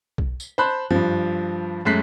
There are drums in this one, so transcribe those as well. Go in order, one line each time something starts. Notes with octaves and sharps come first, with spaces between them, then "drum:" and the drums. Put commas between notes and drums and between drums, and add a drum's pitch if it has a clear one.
drum: kick B1
drum: tambourine
C5 A5 B5 F#6
G2 F3, drum: tom F#2
F#2 G#3 A3 F#6 B6 C7